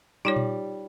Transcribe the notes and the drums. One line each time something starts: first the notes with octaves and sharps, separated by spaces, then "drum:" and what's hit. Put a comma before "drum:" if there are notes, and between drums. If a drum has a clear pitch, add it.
G3 D#4 F4 C#5
drum: tom A#2